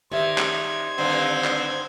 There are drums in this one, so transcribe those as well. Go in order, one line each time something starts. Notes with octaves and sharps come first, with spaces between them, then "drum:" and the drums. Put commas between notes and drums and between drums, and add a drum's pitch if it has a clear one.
D#3 G4 C5 D5 E5 G#6
drum: clap
G2 D3 D#3 C4
drum: clap